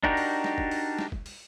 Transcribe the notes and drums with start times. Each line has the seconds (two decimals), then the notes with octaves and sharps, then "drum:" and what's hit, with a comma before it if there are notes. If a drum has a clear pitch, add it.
0.04 D4 D#4 F#4 G4 A#4, drum: kick
0.17 drum: open hi-hat
0.44 drum: snare
0.58 drum: kick
0.71 drum: open hi-hat
0.99 drum: snare
1.12 drum: kick
1.26 drum: open hi-hat